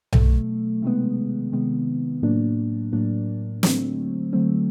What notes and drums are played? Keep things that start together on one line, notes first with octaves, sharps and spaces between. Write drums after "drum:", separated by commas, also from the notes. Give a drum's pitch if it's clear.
B2 F#3 A3, drum: tom B1
C3 D#3 G#3 B3
C3 D#3 G#3 B3
A2 F#3 A#3 D4
A2 F#3 A#3 D4
D3 F#3 A3 C4, drum: snare
D3 F#3 A3 C4